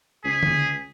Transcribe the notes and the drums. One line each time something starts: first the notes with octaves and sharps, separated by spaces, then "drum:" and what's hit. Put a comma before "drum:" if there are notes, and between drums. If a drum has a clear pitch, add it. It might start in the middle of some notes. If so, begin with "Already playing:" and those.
C#2 G#4 B6
drum: tom D3